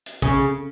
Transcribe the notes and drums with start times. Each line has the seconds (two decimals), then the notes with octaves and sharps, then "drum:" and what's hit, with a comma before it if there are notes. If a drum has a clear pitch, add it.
0.06 drum: hi-hat
0.22 C#3, drum: kick